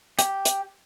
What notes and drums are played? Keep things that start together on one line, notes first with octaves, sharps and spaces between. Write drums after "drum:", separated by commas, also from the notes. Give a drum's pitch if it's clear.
G4, drum: hi-hat
drum: hi-hat